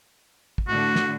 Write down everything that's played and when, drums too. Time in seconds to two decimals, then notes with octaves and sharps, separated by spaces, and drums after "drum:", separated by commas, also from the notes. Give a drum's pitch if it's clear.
0.58 drum: kick
0.68 A2 D3 F#4
0.96 drum: snare